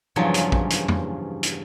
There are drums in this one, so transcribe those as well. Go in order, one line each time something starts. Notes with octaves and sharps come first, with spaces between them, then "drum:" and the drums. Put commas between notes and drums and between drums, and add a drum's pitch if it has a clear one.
E2 G2 C#3 F3 F#3
drum: hi-hat
drum: kick A#1
drum: hi-hat
drum: tom F2
drum: hi-hat